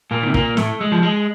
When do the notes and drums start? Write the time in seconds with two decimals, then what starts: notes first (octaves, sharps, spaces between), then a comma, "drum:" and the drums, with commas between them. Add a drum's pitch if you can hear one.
0.11 A#2 A#3
0.22 D#3
0.27 C3
0.34 A#2 A#3, drum: kick
0.57 A2 A3, drum: snare
0.81 G#3
0.92 F3
1.03 G#3